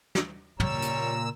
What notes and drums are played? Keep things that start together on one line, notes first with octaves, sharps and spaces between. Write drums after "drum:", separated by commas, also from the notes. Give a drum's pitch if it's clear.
drum: snare
A#2 C#3 G3 C#4 C#5 A#5 E6, drum: tom
drum: hi-hat